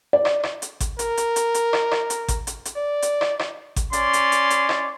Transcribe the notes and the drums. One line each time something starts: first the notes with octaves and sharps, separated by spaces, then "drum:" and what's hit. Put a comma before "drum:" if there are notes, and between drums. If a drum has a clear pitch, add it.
D5
drum: rim click
drum: rim click
drum: hi-hat
drum: kick G#1, hi-hat
A#4, drum: hi-hat
drum: hi-hat
drum: hi-hat
drum: hi-hat
drum: rim click
drum: rim click
drum: hi-hat
drum: kick G#1, hi-hat
drum: hi-hat
drum: hi-hat
D5
drum: hi-hat
drum: rim click
drum: rim click
drum: kick G#1, hi-hat
C#4 D5 C6, drum: hi-hat
drum: hi-hat
drum: hi-hat
drum: hi-hat
drum: rim click